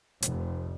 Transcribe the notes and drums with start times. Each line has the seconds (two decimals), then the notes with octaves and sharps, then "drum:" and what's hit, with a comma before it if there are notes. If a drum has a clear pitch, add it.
0.22 F1, drum: hi-hat